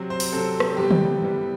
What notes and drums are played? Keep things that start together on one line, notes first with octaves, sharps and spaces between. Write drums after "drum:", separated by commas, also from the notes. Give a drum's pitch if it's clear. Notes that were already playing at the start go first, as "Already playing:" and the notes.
Already playing: C3 F#3 C4
C5
drum: open hi-hat
C3 F#3 C4 A4
drum: rim click
C3 E3 G3 B3 G4
drum: tom
C3 E3 G3 B3